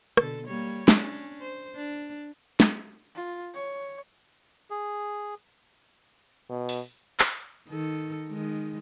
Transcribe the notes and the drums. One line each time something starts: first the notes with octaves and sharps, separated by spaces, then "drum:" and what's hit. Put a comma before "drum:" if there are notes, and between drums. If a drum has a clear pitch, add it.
B2 D3 A4, drum: rim click
G3 A#3 C#5
C#4 D4, drum: snare
C5
D4
drum: snare
F4
C#5
G#4
B2
drum: open hi-hat
drum: clap
D#3 A4
D#3 G#3